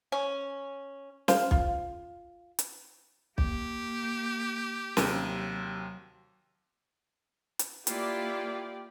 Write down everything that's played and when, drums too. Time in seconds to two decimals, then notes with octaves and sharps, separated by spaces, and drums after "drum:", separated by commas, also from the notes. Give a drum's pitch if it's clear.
0.12 C#4
1.28 C5 F5, drum: snare
1.51 F4, drum: kick B1
2.59 drum: hi-hat
3.38 A#3 G4, drum: kick B1
4.97 D#2 C3 F#3, drum: snare
7.59 drum: hi-hat
7.87 A#3 E4 F4 G4 D5, drum: hi-hat